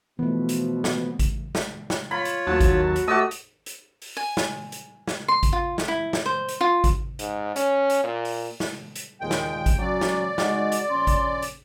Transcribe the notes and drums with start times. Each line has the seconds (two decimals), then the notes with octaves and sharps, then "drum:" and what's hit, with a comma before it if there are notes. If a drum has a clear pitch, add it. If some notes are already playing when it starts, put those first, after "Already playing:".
0.19 B2 E3 F3 A3 B3
0.49 drum: hi-hat
0.84 drum: snare
1.19 drum: kick G#1, hi-hat
1.55 drum: snare
1.90 drum: snare
2.11 F4 C#5 B5
2.25 drum: hi-hat
2.47 D#2 F#3 F#4 A5
2.61 drum: kick G#1, hi-hat
2.96 drum: hi-hat
3.08 A3 F#4 G4 D#5 A5 E6
3.31 drum: hi-hat
3.66 drum: hi-hat
4.02 drum: open hi-hat
4.17 G#5
4.37 drum: snare
4.72 drum: hi-hat
5.07 drum: snare
5.28 C6
5.43 drum: kick G#1, hi-hat
5.53 F4
5.78 drum: snare
5.88 E4
6.13 drum: snare
6.26 C5
6.49 drum: hi-hat
6.61 F4
6.84 drum: kick G#1, hi-hat
7.19 G#2, drum: hi-hat
7.56 C#4, drum: hi-hat
7.90 drum: hi-hat
8.04 A#2
8.25 drum: open hi-hat
8.60 drum: snare
8.96 drum: hi-hat
9.21 D#2 A#2 G#3 G5
9.31 drum: snare
9.66 drum: kick G#1, hi-hat
9.79 F#3 C#4 F#4 D5
10.01 drum: snare
10.38 G#3 D#4 F#4, drum: snare
10.72 drum: hi-hat
10.90 A#1 C#4 C6
11.07 drum: kick G#1, hi-hat
11.42 drum: hi-hat